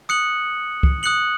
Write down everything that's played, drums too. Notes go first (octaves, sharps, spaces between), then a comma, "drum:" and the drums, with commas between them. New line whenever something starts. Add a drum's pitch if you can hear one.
D#6 F#6 C#7 F#7
drum: kick
D#6 F#6 C#7 F#7